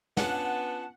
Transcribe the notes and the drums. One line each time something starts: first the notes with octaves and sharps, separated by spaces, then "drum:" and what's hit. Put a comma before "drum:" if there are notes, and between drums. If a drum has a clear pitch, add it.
B3 C#4 D4 F4 F#5 A5, drum: snare